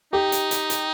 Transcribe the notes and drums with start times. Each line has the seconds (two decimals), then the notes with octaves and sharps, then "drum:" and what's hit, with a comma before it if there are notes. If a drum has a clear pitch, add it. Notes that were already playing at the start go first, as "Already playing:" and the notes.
0.13 D#4 G4
0.32 drum: hi-hat
0.51 drum: hi-hat
0.70 drum: hi-hat